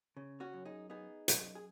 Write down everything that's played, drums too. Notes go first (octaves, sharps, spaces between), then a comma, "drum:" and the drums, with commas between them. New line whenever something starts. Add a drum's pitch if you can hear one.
C#3
C#4 F#4
F#2
D#4 G#4
B3 D#4 G#4
F#2, drum: hi-hat
G#4